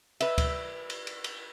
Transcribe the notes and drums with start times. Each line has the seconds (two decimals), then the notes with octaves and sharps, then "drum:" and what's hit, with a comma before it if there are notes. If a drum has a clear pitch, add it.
0.20 B4 E5, drum: cymbal
0.38 drum: kick D2, cymbal
0.90 drum: cymbal
1.07 drum: cymbal
1.24 drum: cymbal